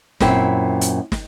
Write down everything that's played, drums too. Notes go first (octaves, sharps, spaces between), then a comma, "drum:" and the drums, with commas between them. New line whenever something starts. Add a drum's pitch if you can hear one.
F#2 A#2 C4 E4, drum: snare
drum: hi-hat
drum: snare